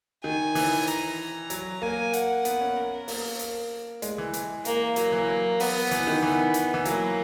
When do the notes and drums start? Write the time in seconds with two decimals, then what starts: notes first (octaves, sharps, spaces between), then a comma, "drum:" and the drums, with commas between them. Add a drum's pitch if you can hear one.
0.24 D#3 G#5
0.55 E3, drum: open hi-hat
0.87 A#5, drum: hi-hat
1.50 F#3, drum: hi-hat
1.82 A#3 G#5
2.13 F#5, drum: hi-hat
2.45 B3, drum: hi-hat
2.61 C#4
2.76 A#4
3.08 A#3, drum: open hi-hat
3.39 drum: hi-hat
4.02 G#3, drum: hi-hat
4.18 E3
4.33 E3, drum: hi-hat
4.65 A#3, drum: hi-hat
4.96 F#3 A#3, drum: hi-hat
5.12 E3
5.28 F#3
5.60 B3, drum: open hi-hat
5.91 E3, drum: hi-hat
6.07 D#3
6.22 E3 B3
6.54 drum: hi-hat
6.74 E3
6.85 F#3 A#3, drum: hi-hat